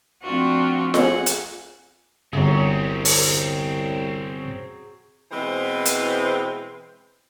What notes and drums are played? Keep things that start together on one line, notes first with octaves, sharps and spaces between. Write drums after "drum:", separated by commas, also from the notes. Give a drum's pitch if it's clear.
F3 A3 C4 D4 F4 F#4
G#4 F#5, drum: snare F4
drum: hi-hat
G1 C2 F#3 C4 C#4 G#4
drum: open hi-hat
B2 E3 G#3 C4 B4 C5
drum: hi-hat